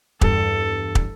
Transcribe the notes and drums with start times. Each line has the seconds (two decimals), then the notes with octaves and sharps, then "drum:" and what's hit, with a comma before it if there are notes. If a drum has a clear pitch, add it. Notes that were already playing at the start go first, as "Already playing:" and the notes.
0.21 E2 G2 A4, drum: kick
0.95 drum: kick